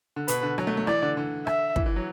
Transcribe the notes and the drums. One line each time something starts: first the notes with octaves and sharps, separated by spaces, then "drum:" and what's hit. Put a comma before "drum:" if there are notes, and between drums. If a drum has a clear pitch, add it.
D3
B2 B4, drum: hi-hat
D3
F#3, drum: rim click
A3
A3
E3 D5, drum: rim click
D3
D3
E5, drum: rim click
E3, drum: kick
E3
F#3